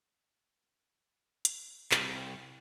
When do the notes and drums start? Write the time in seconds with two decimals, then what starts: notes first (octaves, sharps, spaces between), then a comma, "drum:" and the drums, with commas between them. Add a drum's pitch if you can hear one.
1.45 drum: hi-hat
1.91 C2, drum: clap